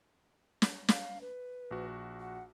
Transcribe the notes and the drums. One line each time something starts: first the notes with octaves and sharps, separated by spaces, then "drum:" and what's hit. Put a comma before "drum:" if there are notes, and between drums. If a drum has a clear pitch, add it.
drum: snare
F5, drum: snare
B4
A#1 F#4
F#5